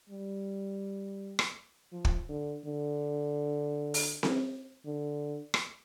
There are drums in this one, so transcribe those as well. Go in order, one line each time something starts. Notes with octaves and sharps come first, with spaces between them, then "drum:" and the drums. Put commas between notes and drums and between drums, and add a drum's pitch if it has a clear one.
G3
drum: rim click
F3
drum: kick
D3
D3
drum: open hi-hat
drum: snare C4
D3
drum: rim click